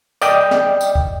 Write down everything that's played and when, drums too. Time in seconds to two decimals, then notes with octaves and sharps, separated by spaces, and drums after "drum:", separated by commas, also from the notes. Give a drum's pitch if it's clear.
0.22 D5 D#5 G5, drum: tambourine
0.51 drum: snare
0.81 drum: tambourine
0.95 drum: kick